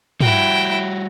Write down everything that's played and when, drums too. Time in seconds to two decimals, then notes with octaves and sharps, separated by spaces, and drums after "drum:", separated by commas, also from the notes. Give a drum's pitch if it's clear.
0.21 G3 E4 F#4 G5, drum: tom